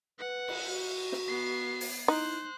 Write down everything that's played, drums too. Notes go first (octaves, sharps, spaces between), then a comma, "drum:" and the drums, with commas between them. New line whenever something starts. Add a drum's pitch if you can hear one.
B4 F#5
drum: cymbal
F#4
drum: snare
B3 C7
drum: open hi-hat
D#4 E4 C5 F#6